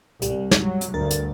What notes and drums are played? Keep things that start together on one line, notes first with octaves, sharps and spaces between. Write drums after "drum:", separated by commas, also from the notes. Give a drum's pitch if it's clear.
C2 G3, drum: hi-hat
drum: snare
F#3
drum: hi-hat
D2 G2 A#4 A6
drum: hi-hat